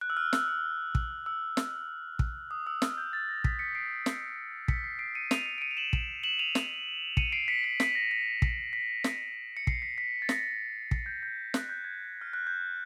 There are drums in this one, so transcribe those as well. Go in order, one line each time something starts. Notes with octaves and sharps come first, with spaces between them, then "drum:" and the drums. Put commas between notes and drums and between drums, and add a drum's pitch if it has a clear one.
F#6
E6
F6
E6, drum: snare
E6
drum: kick
E6
drum: snare
drum: kick
D#6
E6
F6, drum: snare
G6
A6
A#6
B6, drum: kick
B6 C#7
C7 D7
drum: snare
B6 C#7, drum: kick
C7
C7 D7
C#7 D#7
D#7 F7, drum: snare
C#7 D#7
D7
C#7 D#7
F7
E7 F#7
drum: kick
E7 F#7
D#7 F7
drum: snare
C#7 D#7, drum: kick
C7 D7
B6 C#7
B6
B6, drum: snare
A#6
B6
drum: kick
B6
drum: snare
C#7
C7, drum: kick
B6
B6
A6
A#6, drum: snare
A6, drum: kick
G6
G6
F#6, drum: snare
G6
G#6
F6
F#6
G6